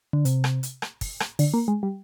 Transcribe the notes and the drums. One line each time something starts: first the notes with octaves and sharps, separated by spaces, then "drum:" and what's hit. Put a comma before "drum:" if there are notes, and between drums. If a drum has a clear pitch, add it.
D3
C3, drum: hi-hat
drum: rim click
drum: hi-hat
drum: rim click
drum: kick, open hi-hat
drum: rim click
D3, drum: open hi-hat
A#3
G#3
G3